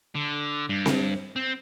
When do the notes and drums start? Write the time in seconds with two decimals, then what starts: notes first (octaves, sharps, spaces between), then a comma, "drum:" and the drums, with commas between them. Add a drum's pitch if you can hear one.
0.15 D3
0.69 G2
0.86 drum: snare C4
1.36 C4